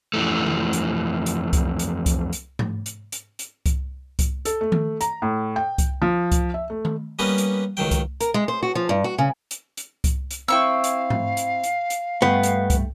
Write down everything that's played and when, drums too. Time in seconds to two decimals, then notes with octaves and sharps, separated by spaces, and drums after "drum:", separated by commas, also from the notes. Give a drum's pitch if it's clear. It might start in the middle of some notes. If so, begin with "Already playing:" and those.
0.14 F2 E3 A3
0.46 drum: tom D#3
0.73 drum: hi-hat
1.26 drum: hi-hat
1.53 drum: kick C2, hi-hat
1.79 drum: hi-hat
2.06 drum: kick C2, hi-hat
2.33 drum: hi-hat
2.59 drum: tom G#2
2.86 drum: hi-hat
3.12 drum: hi-hat
3.39 drum: hi-hat
3.66 drum: kick C2, hi-hat
4.19 drum: kick C2, hi-hat
4.45 A4, drum: hi-hat
4.61 A3
4.72 drum: tom D#3
5.01 A#5, drum: hi-hat
5.22 A2
5.56 G5
5.78 drum: kick C2, hi-hat
6.02 F3
6.32 drum: kick C2, hi-hat
6.54 E5
6.70 A3
6.85 drum: tom D#3
7.19 G3 A#3 B3 C#4 B4 D#5
7.38 drum: hi-hat
7.77 C#2 D#3 F#3 G5
7.91 drum: kick C2, hi-hat
8.20 A#4, drum: hi-hat
8.34 G#3
8.48 C5
8.63 F#4
8.75 F3
8.89 G2
9.04 F#4
9.18 C#3
9.51 drum: hi-hat
9.77 drum: hi-hat
10.04 drum: kick C2, hi-hat
10.31 drum: hi-hat
10.48 C4 E4 F5 G5 C#6 E6
10.84 drum: hi-hat
11.10 drum: tom G#2
11.37 drum: hi-hat
11.64 drum: hi-hat
11.90 drum: hi-hat
12.22 G2 A3 B3 G5
12.43 drum: hi-hat
12.70 drum: kick C2, hi-hat